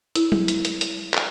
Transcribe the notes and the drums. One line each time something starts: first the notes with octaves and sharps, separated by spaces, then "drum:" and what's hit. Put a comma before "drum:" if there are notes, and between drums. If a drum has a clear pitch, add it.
E4, drum: hi-hat
drum: tom F#3
drum: hi-hat
drum: hi-hat
drum: hi-hat
drum: clap